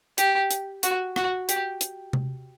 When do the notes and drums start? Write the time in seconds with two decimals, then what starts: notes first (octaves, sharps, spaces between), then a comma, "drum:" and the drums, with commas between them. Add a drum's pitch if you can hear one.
0.18 G4, drum: hi-hat
0.51 drum: hi-hat
0.83 F#4, drum: hi-hat
1.16 F#4, drum: rim click
1.49 G4, drum: hi-hat
1.81 drum: hi-hat
2.13 drum: tom C3